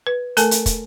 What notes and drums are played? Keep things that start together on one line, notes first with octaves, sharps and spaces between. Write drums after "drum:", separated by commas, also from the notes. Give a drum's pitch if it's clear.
B4
A3 A4 A#4 G#5 A5, drum: hi-hat
drum: hi-hat
drum: kick, hi-hat